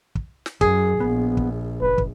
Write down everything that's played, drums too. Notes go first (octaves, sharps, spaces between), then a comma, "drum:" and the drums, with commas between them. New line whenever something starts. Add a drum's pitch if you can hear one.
drum: kick
drum: snare
F#2 G#4, drum: kick
A#1 B3
drum: kick
F#1 B4
drum: kick